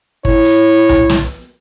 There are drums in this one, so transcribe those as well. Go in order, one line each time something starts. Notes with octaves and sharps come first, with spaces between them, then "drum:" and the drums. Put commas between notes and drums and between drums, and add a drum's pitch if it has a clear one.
E4 C#5, drum: kick
drum: hi-hat
drum: tom B1
drum: snare